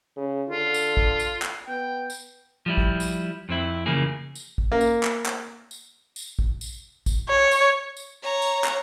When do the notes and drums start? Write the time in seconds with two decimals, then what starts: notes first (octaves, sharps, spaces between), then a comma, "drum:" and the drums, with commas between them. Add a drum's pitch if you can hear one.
0.17 C#3
0.50 D3 F4
0.74 drum: tambourine
0.97 drum: kick A1
1.19 drum: tambourine
1.42 drum: clap
1.68 B3 G5
2.10 drum: tambourine
2.66 F3 G3 E4
2.77 drum: kick A1
3.00 drum: tambourine
3.49 F2 C4 E4
3.86 C#3 E3 F3 A#3 G#4
4.35 drum: tambourine
4.58 drum: kick A1
4.72 A#3
4.81 drum: tambourine
5.03 drum: clap
5.26 drum: clap
5.71 drum: tambourine
6.16 drum: tambourine
6.39 drum: kick A1
6.61 drum: tambourine
7.06 drum: kick A1, tambourine
7.29 C#5
7.51 drum: tambourine
7.97 drum: tambourine
8.23 C#5 A#5
8.42 drum: tambourine
8.64 drum: clap